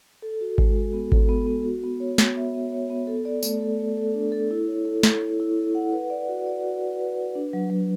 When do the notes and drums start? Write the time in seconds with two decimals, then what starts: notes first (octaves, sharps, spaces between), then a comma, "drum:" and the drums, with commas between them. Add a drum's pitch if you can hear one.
0.22 A4
0.41 F#4
0.58 G#3, drum: kick G#1
0.76 F#4
0.93 B3
1.12 A4, drum: kick G#1
1.29 B3
1.47 B3
1.66 F#4
1.83 B3
2.00 C#5
2.18 B3, drum: snare
2.37 E5
2.54 B3
2.72 C#5
2.90 B3
3.07 A4
3.25 D5
3.43 A3, drum: tambourine
3.61 A4
3.79 A3
3.97 A4
4.14 D4
4.32 A4
4.51 E4
4.67 C#5
4.85 A4
5.03 E4, drum: snare
5.22 E4
5.40 E4
5.58 A4
5.75 F#5
5.92 B4
6.10 D5
6.28 F#4
6.46 D5
6.64 F#4
6.81 B4
7.00 B4
7.17 B4
7.35 D4
7.53 F#3
7.70 F#3